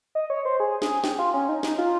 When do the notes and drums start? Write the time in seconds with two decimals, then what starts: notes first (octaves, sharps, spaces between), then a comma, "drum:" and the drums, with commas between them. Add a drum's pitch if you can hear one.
0.15 D#5
0.30 C#5
0.45 C5
0.60 G#4
0.82 G#4, drum: snare
1.04 G4, drum: snare
1.19 F4
1.34 C#4
1.49 D#4
1.63 D#4, drum: snare
1.78 F4